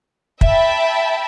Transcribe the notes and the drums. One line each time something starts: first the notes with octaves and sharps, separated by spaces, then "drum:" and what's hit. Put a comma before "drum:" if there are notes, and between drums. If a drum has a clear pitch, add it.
E5 G5 A5 B5, drum: kick